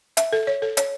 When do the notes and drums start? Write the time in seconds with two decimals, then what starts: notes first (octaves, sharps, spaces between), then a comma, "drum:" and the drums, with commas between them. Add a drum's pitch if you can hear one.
0.17 E5, drum: hi-hat
0.33 A4
0.47 C#5
0.62 A4
0.77 C#5, drum: hi-hat